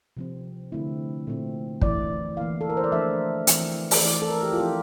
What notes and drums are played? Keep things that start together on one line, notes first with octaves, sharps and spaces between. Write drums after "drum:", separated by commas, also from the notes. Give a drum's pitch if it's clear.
C3 F3 C4
D3 A3 C4 E4
A#2 A3 C4
E3 A3 E4 D5, drum: kick
E3 A#3 E4 F5
A4
A#4
C5
D5
F3 A3 D4 E5
E3 A3 C4, drum: hi-hat
drum: open hi-hat
E3 A3 E4 D5
A4
A#4
G4
F4
F3 C4 E4 G4